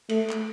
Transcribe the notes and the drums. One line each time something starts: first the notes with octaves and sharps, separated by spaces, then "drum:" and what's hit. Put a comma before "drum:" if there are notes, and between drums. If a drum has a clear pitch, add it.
A3, drum: cymbal
drum: clap